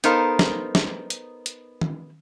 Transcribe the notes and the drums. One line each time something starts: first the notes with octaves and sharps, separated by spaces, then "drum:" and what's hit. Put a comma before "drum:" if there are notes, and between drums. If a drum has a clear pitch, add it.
B3 D#4 A4 A#4 C5 F5, drum: hi-hat
drum: snare
drum: snare
drum: hi-hat
drum: hi-hat
drum: tom D#3